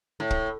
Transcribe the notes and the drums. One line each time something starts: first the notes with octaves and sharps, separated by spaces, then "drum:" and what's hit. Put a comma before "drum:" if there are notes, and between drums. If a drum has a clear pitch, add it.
A2
drum: kick